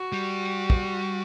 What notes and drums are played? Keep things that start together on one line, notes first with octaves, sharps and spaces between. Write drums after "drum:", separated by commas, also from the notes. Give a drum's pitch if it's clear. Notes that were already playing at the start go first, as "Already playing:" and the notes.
Already playing: F#4
G3
drum: kick